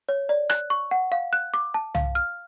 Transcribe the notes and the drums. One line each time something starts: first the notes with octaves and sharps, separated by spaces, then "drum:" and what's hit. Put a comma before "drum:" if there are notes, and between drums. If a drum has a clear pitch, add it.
C#5
D5
F#6, drum: rim click
C#6
F#5
F5
F#6
D6
A5
F5, drum: tom
F6